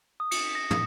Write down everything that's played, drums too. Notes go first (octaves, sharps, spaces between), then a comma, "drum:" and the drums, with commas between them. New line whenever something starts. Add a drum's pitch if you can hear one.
D#6
C#7, drum: cymbal
A#6
D#6, drum: tom